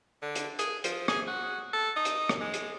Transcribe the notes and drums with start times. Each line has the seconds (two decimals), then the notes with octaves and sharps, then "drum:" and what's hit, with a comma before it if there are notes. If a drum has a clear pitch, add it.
0.22 D3
0.35 drum: hi-hat
0.59 G#4, drum: hi-hat
0.84 F3, drum: hi-hat
1.08 G#4, drum: rim click
1.27 F#4
1.73 A4
1.96 D#4
2.05 drum: hi-hat
2.29 drum: rim click
2.41 G#3
2.54 drum: hi-hat